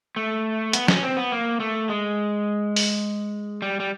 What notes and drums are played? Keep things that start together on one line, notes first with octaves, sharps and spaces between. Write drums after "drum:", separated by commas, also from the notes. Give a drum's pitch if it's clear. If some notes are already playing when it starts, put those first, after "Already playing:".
A3
B3, drum: hi-hat
C#4, drum: snare
C4
B3
A#3
A3
G#3
drum: open hi-hat
G3
G3